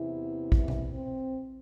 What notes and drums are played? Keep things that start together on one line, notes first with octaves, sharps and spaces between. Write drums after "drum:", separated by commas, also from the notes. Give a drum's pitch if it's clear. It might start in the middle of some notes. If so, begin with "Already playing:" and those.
Already playing: E2 C3 E3 E4
drum: kick
drum: tom B2
C4